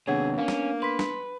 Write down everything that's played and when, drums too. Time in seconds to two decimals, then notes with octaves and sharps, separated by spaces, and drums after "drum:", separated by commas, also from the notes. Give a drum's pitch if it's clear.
0.07 D#2 C3 B3 D4 G#4 C#5 F#5
0.38 A#3 C#4 F5
0.48 drum: snare
0.82 B4 C6 B6
0.99 drum: snare